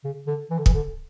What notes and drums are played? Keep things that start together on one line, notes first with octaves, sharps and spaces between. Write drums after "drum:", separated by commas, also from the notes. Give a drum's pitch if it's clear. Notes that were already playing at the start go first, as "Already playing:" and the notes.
C#3
D3
E3
D3
E3, drum: kick
D3